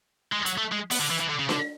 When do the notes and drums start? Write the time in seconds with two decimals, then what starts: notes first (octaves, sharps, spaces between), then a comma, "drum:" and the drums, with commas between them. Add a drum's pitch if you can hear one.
0.33 G#3
0.46 F#3, drum: hi-hat
0.58 A3
0.72 G#3
0.91 B3, drum: open hi-hat
1.00 D3
1.10 E3
1.20 E3
1.29 D3
1.39 C#3
1.49 D3, drum: snare D4